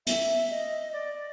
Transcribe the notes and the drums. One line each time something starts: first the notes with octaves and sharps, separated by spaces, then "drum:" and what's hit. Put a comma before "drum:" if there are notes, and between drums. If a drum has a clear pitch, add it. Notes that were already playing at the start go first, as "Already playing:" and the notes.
E5, drum: hi-hat
D#5
D5